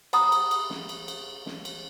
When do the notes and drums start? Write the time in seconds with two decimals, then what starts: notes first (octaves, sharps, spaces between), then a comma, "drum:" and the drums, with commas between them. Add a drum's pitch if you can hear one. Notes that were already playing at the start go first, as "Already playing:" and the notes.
0.13 C5 F#5 A#5 B5 D#6, drum: cymbal
0.32 drum: cymbal
0.51 drum: cymbal
0.70 drum: snare
0.89 drum: cymbal
1.08 drum: cymbal
1.46 drum: snare
1.65 drum: cymbal